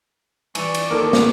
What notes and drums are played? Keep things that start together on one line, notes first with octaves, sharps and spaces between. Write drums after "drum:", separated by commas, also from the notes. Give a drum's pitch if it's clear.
E3 D5 C#6, drum: cymbal
drum: cymbal
D#3 F3 A#3 A4 A#4 D6
drum: snare